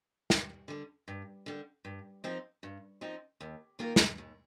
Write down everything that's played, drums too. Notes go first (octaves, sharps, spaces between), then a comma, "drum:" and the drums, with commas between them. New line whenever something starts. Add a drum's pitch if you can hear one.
G2, drum: snare
D3 G3
G2
D3 G3
G2
F3 C4 D#4
G2
F3 C4 D#4
D#2
D#3 A#3 F4 A#4
drum: snare
D#2